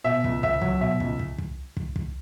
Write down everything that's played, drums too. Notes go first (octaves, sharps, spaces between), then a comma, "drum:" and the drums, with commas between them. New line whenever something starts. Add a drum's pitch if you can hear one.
B2 E5
C#2, drum: kick
C#2 E5, drum: kick
F#3, drum: kick
B2 E5
C#2, drum: kick
drum: kick
drum: kick
drum: kick
drum: kick